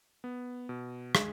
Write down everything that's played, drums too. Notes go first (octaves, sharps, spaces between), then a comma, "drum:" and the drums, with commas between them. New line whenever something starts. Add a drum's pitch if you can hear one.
B3
B2
G#3, drum: rim click